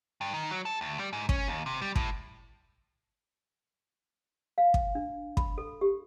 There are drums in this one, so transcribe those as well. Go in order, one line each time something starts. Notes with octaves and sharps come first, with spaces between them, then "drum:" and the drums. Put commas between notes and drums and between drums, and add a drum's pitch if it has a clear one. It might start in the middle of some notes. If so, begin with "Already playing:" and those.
G2
D#3
F#3
A4
D2
G3
G#2
C#4, drum: kick
D#2
C3
G3
A2, drum: kick
F5
drum: kick
D4
B5, drum: kick
A4
G4